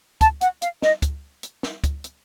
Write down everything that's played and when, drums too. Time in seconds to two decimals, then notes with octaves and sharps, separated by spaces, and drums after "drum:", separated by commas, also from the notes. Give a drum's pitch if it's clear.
0.21 A5, drum: kick, hi-hat
0.41 F#5, drum: hi-hat
0.62 F5, drum: hi-hat
0.82 D#5, drum: snare
1.02 drum: kick, hi-hat
1.43 drum: hi-hat
1.63 drum: snare
1.84 drum: kick, hi-hat
2.04 drum: hi-hat